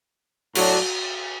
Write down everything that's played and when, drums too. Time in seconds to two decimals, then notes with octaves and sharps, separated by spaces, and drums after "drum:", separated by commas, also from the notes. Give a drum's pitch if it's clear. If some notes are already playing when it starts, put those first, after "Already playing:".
0.55 A2 F#3 D4 F#4, drum: cymbal